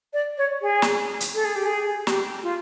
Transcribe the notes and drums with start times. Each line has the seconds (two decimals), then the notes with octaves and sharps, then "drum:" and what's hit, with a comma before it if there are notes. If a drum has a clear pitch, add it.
0.14 D5
0.38 C#5
0.62 G#4
0.82 drum: snare
1.20 drum: hi-hat
1.34 A4
1.45 G#4
1.56 G4
1.66 G#4
2.07 G4, drum: snare
2.43 F4